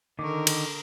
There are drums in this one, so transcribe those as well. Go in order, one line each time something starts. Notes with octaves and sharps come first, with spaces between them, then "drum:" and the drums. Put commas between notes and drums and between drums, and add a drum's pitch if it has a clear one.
D3 D#3 A#4 C#6 D6
drum: cymbal